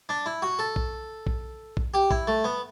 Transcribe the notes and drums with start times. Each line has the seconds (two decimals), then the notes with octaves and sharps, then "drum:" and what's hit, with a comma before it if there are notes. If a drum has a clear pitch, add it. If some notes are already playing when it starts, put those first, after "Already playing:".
0.09 D4
0.26 E4
0.42 F#4
0.59 A4
0.76 drum: kick A#1
1.27 drum: kick A#1
1.77 drum: kick A#1
1.94 G4
2.11 E4, drum: kick A#1
2.27 A3
2.44 B3